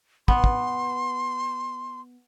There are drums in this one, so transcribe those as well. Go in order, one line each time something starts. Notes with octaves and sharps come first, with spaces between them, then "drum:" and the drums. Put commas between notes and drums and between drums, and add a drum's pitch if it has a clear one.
B3 C6, drum: kick
drum: kick